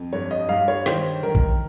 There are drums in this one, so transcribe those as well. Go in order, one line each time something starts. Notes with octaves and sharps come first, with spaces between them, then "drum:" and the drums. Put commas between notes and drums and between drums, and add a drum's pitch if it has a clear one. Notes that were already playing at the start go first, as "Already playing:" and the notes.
Already playing: F2
G2 C#5
D#5
G2 F5
C#5
D#3 C5, drum: snare
D#3 A#4
drum: kick A1